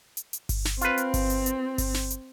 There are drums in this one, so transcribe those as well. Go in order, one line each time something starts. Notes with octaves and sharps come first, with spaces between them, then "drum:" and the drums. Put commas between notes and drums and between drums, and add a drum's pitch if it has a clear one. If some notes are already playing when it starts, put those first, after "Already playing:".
drum: hi-hat
drum: hi-hat
drum: kick G1, open hi-hat
drum: snare
C4 F4 B4, drum: hi-hat
drum: hi-hat
drum: kick G1, open hi-hat
drum: hi-hat
drum: hi-hat
drum: kick G1, open hi-hat
drum: snare
drum: hi-hat